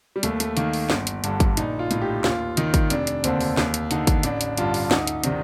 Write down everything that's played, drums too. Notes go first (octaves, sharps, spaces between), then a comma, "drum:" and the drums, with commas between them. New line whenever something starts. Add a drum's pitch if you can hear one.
G3
D#2 A3, drum: hi-hat
A3, drum: hi-hat
D#3 A#3, drum: hi-hat
drum: open hi-hat
G1, drum: snare
drum: hi-hat
G2 D3, drum: hi-hat
drum: kick, hi-hat
A#1 D#4, drum: hi-hat
F4
A2, drum: hi-hat
G4
D#2 F4, drum: snare
D#3 D#4, drum: hi-hat
drum: kick, hi-hat
F1 D4, drum: hi-hat
drum: hi-hat
D#2 D3 C4, drum: hi-hat
drum: open hi-hat
D#2, drum: snare
drum: hi-hat
D3 D#4, drum: hi-hat
drum: kick, hi-hat
A1 D4, drum: hi-hat
drum: hi-hat
G2 D3 F4, drum: hi-hat
drum: open hi-hat
D2 D#4, drum: snare
drum: hi-hat
C3 D#3 D4, drum: hi-hat